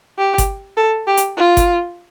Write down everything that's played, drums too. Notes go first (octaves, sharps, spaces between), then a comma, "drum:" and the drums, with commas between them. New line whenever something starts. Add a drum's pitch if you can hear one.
G4
drum: kick G1, hi-hat
A4
G4
drum: hi-hat
F4
drum: kick G1, hi-hat